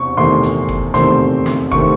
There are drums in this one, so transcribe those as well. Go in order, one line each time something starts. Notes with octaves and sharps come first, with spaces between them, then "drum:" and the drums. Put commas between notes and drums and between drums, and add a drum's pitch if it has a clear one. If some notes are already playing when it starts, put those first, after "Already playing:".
Already playing: E2 C3 C4 C#6
E2 C3 D#3 A3 C4 C6
drum: hi-hat
drum: kick F#1
E2 C3 D#3 A3 C4 C6, drum: hi-hat
drum: snare
C3 D#3 A3 C4 C#6, drum: kick F#1